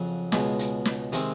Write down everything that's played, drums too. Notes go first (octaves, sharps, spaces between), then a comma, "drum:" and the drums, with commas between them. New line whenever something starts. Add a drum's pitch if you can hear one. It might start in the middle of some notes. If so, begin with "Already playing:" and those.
Already playing: F2 C#3 F#3
C#2 B2 G#3, drum: snare
drum: hi-hat
drum: snare
C3 D#3 G#3 C4, drum: hi-hat